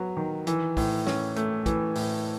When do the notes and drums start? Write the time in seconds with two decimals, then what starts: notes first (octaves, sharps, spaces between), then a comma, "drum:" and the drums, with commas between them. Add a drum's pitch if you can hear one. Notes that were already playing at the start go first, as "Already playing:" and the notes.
Already playing: F#3 B3
0.17 D#3
0.47 E3, drum: hi-hat
0.77 A2, drum: kick, open hi-hat
1.07 C#4, drum: snare
1.36 A3, drum: hi-hat
1.66 E3, drum: kick, hi-hat
1.95 A2, drum: open hi-hat